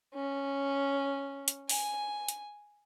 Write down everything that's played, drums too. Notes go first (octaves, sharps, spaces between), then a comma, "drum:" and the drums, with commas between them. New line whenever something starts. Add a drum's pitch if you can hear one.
C#4
drum: hi-hat
G#5, drum: open hi-hat
drum: hi-hat